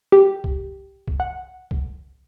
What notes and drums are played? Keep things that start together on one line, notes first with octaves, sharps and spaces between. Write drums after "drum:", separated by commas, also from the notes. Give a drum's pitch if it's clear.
G4
drum: kick B1
drum: kick B1
F#5
drum: kick B1